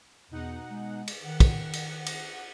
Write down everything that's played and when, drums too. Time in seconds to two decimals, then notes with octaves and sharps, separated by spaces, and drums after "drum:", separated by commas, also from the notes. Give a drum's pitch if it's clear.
0.31 E2 B2 D#4 F#5
0.70 G#3
1.07 drum: cymbal
1.24 D#3 F#5
1.40 drum: kick, cymbal
1.73 drum: cymbal
2.06 drum: cymbal